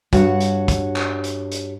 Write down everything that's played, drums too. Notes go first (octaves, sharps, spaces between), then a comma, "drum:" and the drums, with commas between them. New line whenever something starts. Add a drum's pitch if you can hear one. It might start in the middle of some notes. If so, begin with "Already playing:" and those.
G2 F#4 C#5 F#5, drum: kick, hi-hat
drum: hi-hat
drum: kick, hi-hat
drum: clap
drum: hi-hat
drum: hi-hat